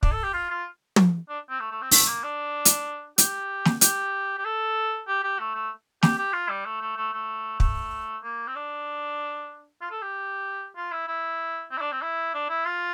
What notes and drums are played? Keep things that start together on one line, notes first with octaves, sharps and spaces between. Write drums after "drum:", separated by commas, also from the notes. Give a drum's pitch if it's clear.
D4, drum: kick
A4
G4
F4
F4
drum: tom
D4
C4
A3
A3
C4
A3, drum: open hi-hat
A#3
D4
drum: hi-hat
G4, drum: hi-hat
drum: snare
G4, drum: hi-hat
G4
A4
G4
G4
A3
A3
G4, drum: snare
G4
F4
G3
A3
A3
A3
A3
A3, drum: kick
A#3
C4
D4
F4
A4
G4
F4
E4
E4
C4
E4
D4
C4
E4
D4
E4
F4